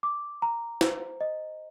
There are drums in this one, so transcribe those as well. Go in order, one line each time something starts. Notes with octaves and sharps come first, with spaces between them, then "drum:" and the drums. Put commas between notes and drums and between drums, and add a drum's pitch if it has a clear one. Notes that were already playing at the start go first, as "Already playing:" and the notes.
D6
A#5
C5, drum: snare
D#5